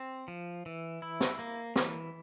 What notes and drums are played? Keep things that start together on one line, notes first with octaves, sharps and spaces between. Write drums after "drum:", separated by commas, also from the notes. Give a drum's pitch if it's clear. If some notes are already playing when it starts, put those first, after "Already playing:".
Already playing: C4
F3
E3
E4
drum: snare
A#3
E3, drum: snare